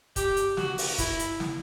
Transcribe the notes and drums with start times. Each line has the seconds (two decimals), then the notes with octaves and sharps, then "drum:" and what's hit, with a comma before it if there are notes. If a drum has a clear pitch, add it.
0.16 G4, drum: kick, hi-hat
0.36 drum: hi-hat
0.57 F#4, drum: snare
0.78 drum: open hi-hat
0.98 E4, drum: kick, hi-hat
1.19 drum: hi-hat
1.40 drum: snare